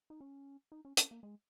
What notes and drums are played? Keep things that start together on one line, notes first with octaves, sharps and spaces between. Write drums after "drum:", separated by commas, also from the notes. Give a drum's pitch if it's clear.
D#4
C#4
D#4
C#4
C#4, drum: hi-hat
A#3
G#3